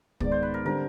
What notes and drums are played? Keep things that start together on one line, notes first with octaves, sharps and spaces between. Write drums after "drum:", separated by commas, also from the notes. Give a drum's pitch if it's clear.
G#2 D#3 G#3 B3 D5, drum: kick
C5
B4
A#4
D3 G3 C4 A#4